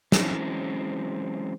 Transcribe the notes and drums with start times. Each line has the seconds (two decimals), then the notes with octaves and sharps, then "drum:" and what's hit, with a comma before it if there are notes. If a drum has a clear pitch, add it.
0.12 E3 F#3 G#3 C4 C#4 E4, drum: snare